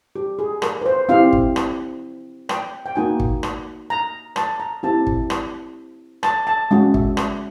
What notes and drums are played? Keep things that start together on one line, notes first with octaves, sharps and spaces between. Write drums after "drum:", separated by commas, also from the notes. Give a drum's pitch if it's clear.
G4
G#4
A#4, drum: rim click
B4
C5
C4 E4 G4 F5
drum: kick
drum: rim click
G5, drum: rim click
G5
A#3 D#4 F#4 G#5
drum: kick
drum: rim click
A#5
A5, drum: rim click
A#5
C4 E4 G4 A5
drum: kick
drum: rim click
A5, drum: rim click
A5
G#3 C#4 F#4
E5, drum: kick
drum: rim click